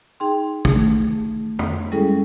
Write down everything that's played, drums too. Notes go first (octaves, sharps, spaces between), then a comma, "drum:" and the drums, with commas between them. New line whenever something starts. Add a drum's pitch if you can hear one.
D#4 G#4 G5 C6
D#3 E3 A3, drum: kick
drum: tom
G3 G#3 C#4 E4 G#4 A4